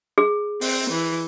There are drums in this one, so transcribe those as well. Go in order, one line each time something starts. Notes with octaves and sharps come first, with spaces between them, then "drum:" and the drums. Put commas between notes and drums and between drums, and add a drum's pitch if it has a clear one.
G#4
C4, drum: open hi-hat
E3